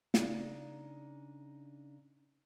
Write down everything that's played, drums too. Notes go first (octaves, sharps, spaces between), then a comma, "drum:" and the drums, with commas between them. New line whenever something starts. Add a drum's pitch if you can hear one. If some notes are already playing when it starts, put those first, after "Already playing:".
C#3 D4 D#4, drum: snare